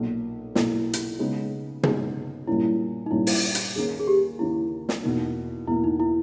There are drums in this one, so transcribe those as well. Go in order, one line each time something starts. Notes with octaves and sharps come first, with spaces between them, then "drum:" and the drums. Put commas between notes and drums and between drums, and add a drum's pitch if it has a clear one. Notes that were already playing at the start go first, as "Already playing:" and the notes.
Already playing: B1 A#2 A#3
B1 A#2 A#3 E4, drum: snare
drum: hi-hat
C#3 G#3 B3 D#4
C#3 G#3 B3 D#4, drum: tom
A#1 A#2 G3 A#3 C#4 E4
D#4
A#1 A#2 G3 A#3 C#4 E4
drum: open hi-hat
drum: hi-hat
D#2 D#3 A#3 C#4 G#4
G#4
G4
D#2 D#3 A#3 C#4 E4
drum: snare
E2 B2 A#3 D#4
E2 B2 A#3 E4
D#4
E4